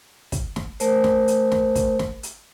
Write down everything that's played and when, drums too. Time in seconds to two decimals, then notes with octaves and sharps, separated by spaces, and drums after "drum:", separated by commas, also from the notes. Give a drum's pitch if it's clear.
0.32 drum: kick, hi-hat
0.56 drum: snare
0.80 A3 A#4 C5, drum: hi-hat
1.04 drum: snare
1.28 drum: hi-hat
1.52 drum: snare
1.75 drum: kick, hi-hat
1.99 drum: snare
2.23 drum: hi-hat